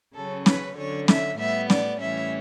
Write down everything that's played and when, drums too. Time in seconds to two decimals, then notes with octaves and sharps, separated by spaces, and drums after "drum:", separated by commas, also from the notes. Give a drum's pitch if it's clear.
0.14 C#3 F#3 C#4 A4
0.46 B4, drum: snare
0.76 D3 F#3 C#4 C#5
1.08 E5, drum: snare
1.39 A2 G3 B3 E5
1.70 D5, drum: snare
2.00 A2 E3 G3 C#4 E5